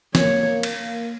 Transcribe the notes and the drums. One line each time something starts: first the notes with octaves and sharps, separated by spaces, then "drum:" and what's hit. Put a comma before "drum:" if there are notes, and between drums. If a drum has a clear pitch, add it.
A#3 C#5, drum: snare
drum: cymbal